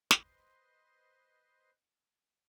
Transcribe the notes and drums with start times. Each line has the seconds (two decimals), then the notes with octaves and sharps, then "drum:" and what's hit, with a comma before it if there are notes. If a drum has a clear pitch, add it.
0.11 B4 C5 D#5 C6, drum: snare